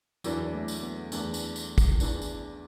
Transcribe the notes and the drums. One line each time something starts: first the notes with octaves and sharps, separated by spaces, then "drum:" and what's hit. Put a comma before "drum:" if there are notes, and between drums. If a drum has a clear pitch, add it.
E2 E3 F#3 D4, drum: tambourine
A3
drum: tambourine
B3
E2 E3 A3 D4, drum: tambourine
drum: tambourine
drum: tambourine
drum: kick, tambourine
E2 E3 D4, drum: tambourine
drum: tambourine